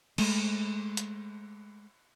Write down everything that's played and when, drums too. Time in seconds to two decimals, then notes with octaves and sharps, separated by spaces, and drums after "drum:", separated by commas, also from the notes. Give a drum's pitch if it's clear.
0.18 G#3 A3, drum: cymbal
0.97 drum: hi-hat